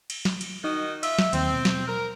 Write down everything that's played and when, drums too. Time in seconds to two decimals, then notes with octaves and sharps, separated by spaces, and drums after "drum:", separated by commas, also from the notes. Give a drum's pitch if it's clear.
0.10 drum: cymbal
0.25 drum: snare
0.41 drum: cymbal
0.64 D#3 D#4 F#4 D#5
1.03 F4 E5, drum: cymbal
1.19 drum: snare
1.33 D#2 C4, drum: cymbal
1.54 B2
1.65 drum: snare
1.88 A#4